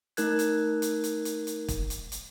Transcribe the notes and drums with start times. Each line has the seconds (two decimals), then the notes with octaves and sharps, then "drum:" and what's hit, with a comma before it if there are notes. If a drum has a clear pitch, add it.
0.17 A3 D#4 A#4 F#6 G#6, drum: hi-hat
0.39 drum: hi-hat
0.82 drum: hi-hat
1.04 drum: hi-hat
1.25 drum: hi-hat
1.47 drum: hi-hat
1.68 drum: kick, hi-hat
1.90 drum: hi-hat
2.12 drum: hi-hat